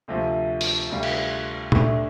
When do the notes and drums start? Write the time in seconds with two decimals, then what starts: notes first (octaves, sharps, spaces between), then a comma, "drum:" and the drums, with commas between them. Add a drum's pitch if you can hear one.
0.08 D2 C3 F3
0.61 drum: open hi-hat
0.90 D2 C3 G3 F4
1.03 drum: cymbal
1.72 D2 C3 A3 D4, drum: tom A#2